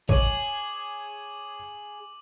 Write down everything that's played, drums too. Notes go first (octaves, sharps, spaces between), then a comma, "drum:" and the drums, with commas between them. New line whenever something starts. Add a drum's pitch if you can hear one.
G#4 C#5 D6 D#7 F#7, drum: kick